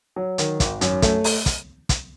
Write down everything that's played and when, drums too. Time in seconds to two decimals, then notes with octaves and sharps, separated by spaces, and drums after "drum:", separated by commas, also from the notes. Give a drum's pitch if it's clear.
0.16 F#3
0.38 D#3, drum: hi-hat
0.60 G#1, drum: kick, hi-hat
0.81 F#2, drum: hi-hat
1.02 A3, drum: kick, hi-hat
1.24 drum: open hi-hat
1.46 drum: kick, hi-hat
1.89 drum: kick, hi-hat